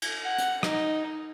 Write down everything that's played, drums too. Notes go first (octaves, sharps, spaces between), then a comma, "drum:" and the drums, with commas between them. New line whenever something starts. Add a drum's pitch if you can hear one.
drum: cymbal
F#5
drum: hi-hat
D#4, drum: rim click